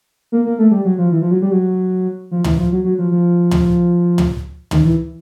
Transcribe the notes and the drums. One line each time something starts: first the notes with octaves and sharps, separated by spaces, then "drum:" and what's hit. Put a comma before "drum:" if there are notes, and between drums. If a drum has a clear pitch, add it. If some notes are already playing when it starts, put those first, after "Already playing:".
A#3
A#3
A3
G3
F#3
F3
E3
F3
F#3
G3
F#3
F3
E3, drum: tom
F3
F#3
F#3
F3
F3
drum: tom
drum: tom
D#3, drum: tom
E3